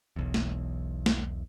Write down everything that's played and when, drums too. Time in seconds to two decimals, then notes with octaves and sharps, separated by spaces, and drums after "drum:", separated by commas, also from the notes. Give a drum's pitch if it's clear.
0.16 E1 B1 E2
0.34 drum: snare A3
1.06 drum: snare A3